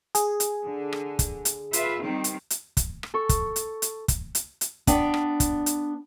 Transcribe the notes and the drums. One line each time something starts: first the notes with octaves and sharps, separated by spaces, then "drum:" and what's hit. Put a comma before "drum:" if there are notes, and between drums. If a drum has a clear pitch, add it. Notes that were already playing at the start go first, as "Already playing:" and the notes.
G#4, drum: hi-hat
drum: hi-hat
D3
drum: rim click
drum: kick, hi-hat
drum: hi-hat
F4 B4 E5, drum: hi-hat
D#3 G3 C4
drum: hi-hat
drum: hi-hat
drum: kick, hi-hat
drum: rim click
A4 C#6
drum: kick, hi-hat
drum: hi-hat
drum: hi-hat
drum: kick, hi-hat
drum: hi-hat
drum: hi-hat
B3 D4 D5 G5, drum: kick, hi-hat
drum: rim click
drum: kick, hi-hat
drum: hi-hat